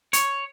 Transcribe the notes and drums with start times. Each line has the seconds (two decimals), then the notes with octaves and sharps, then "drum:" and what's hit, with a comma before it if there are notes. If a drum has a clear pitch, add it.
0.13 C#5, drum: hi-hat